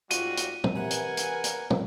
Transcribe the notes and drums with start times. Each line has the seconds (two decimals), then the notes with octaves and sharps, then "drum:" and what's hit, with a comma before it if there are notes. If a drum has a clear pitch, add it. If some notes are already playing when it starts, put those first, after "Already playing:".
0.11 G#2 G3 F4 F#4 D#7, drum: hi-hat
0.37 drum: hi-hat
0.64 drum: tom
0.76 C3 E3 A#4 B4 F#5 G#5
0.91 drum: hi-hat
1.17 drum: hi-hat
1.44 drum: hi-hat
1.70 drum: tom